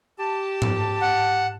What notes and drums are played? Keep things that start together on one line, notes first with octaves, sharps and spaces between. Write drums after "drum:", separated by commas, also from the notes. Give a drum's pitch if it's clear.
G4 A5
drum: tom G#2
F#5